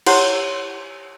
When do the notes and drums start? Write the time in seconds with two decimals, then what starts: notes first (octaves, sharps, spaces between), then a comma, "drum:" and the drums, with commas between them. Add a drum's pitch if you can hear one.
0.06 E4 G4 C5 C#5 F#5 C6, drum: cymbal